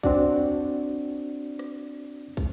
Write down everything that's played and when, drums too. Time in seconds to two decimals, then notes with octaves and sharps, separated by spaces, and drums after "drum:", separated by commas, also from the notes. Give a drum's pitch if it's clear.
0.03 C4 D4 F#4 D5, drum: kick
1.59 drum: rim click
2.37 drum: kick